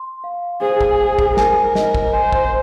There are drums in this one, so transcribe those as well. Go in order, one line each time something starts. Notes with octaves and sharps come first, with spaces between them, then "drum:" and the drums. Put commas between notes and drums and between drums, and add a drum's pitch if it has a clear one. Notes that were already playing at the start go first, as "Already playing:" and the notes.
Already playing: C6
F5
G#4 C5
drum: kick
C5
drum: kick
A#4 G#5, drum: snare
D#5, drum: snare
drum: kick
C5 G#5
drum: kick